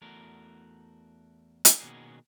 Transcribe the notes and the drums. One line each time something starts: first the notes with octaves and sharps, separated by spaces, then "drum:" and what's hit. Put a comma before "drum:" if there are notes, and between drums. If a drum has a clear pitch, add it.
E2 A3 F#4 A#4
drum: hi-hat
B2 D#3 A#3 C#4 F#4 G#4